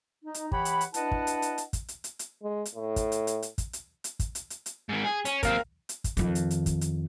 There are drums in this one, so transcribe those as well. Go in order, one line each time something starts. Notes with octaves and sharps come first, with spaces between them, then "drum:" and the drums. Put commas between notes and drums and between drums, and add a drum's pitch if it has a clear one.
D#4
drum: hi-hat
E3 G4 C#5 F#5 B5, drum: kick
drum: hi-hat
drum: hi-hat
D4 E4 B4 D#5 F#5 A5, drum: hi-hat
drum: kick
drum: hi-hat
drum: hi-hat
drum: hi-hat
drum: kick, hi-hat
drum: hi-hat
drum: hi-hat
drum: hi-hat
G#3
drum: hi-hat
A2
drum: kick, hi-hat
drum: hi-hat
drum: hi-hat
drum: hi-hat
drum: kick, hi-hat
drum: hi-hat
drum: hi-hat
drum: kick, hi-hat
drum: hi-hat
drum: hi-hat
drum: hi-hat
G#2 D#3
G#4
C#4, drum: hi-hat
D#2 C4 A#4 F5, drum: kick, hi-hat
drum: hi-hat
drum: kick, hi-hat
F2 D#3, drum: hi-hat
drum: hi-hat
drum: hi-hat
drum: kick, hi-hat
drum: hi-hat